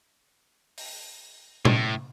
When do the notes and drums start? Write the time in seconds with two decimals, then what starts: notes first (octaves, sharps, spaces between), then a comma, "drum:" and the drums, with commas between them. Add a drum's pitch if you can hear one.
0.78 drum: open hi-hat
1.65 A2, drum: tom A#2